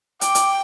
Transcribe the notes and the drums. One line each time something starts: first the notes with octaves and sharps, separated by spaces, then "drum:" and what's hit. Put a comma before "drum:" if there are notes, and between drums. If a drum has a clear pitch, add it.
G5 D6, drum: hi-hat
drum: hi-hat